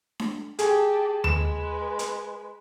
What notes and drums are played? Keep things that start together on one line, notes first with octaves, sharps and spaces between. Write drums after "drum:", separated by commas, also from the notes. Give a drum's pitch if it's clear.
drum: snare D4
G4 G#4 A5, drum: hi-hat
G#3 B4 E7, drum: tom D#2
drum: hi-hat